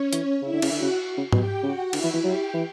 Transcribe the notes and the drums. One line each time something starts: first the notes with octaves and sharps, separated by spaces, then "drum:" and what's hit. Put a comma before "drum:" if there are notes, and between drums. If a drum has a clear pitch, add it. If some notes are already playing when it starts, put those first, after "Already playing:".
Already playing: C#4 C#5
E3, drum: hi-hat
C#3 E4 E5
D3
C#3, drum: cymbal
D3 F#4 F#5
C#3
C#3
B2 G4 G5, drum: tom G#2
C#3 F#4 F#5
D3 E4 E5, drum: cymbal
E3
E3
F#3 G4 G5
E3